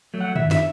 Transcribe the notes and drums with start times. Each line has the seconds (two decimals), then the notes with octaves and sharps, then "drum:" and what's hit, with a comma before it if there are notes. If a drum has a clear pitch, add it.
0.14 F#3 A3
0.21 F#5
0.36 D#3 E5, drum: tom
0.51 E5, drum: snare